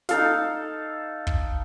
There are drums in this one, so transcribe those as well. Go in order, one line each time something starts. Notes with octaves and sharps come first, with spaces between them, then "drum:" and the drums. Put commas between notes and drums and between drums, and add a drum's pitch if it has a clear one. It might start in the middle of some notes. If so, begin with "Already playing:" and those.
D#4 A4 F5, drum: snare
drum: kick